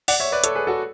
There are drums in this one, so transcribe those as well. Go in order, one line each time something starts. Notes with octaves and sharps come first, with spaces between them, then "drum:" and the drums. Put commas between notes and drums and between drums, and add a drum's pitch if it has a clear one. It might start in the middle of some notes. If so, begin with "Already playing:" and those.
D5 F#5, drum: open hi-hat
C#5 E5
B4 D5
A4 C#5, drum: hi-hat
G#4 B4
F#4 A4